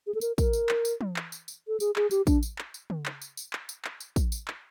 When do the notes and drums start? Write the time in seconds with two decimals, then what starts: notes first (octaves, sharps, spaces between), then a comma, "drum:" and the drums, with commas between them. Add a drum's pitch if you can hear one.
0.07 G#4
0.15 A4
0.21 A#4, drum: tambourine
0.38 A#4, drum: kick, tambourine
0.53 drum: tambourine
0.69 drum: clap
0.85 drum: tambourine
1.01 drum: tom
1.16 drum: clap
1.32 drum: tambourine
1.48 drum: tambourine
1.68 A4
1.80 G#4, drum: tambourine
1.96 G#4, drum: clap
2.11 G4, drum: tambourine
2.27 D4, drum: kick, tambourine
2.43 drum: tambourine
2.58 drum: clap
2.74 drum: tambourine
2.90 drum: tom
3.06 drum: clap
3.22 drum: tambourine
3.37 drum: tambourine
3.53 drum: clap
3.69 drum: tambourine
3.85 drum: clap
4.00 drum: tambourine
4.16 drum: kick, tambourine
4.32 drum: tambourine
4.48 drum: clap